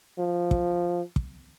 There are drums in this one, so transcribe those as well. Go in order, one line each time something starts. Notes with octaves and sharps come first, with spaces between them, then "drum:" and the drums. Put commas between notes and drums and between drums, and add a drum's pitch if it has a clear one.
F3
drum: kick
drum: kick